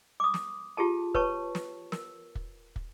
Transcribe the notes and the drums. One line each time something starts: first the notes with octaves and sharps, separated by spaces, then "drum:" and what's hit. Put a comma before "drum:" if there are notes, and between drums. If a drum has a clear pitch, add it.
D6 D#6
drum: snare
F4 G4 G#4 A5
B4 C#5 A5 C#6, drum: kick
drum: snare
A#4, drum: snare
drum: kick
drum: kick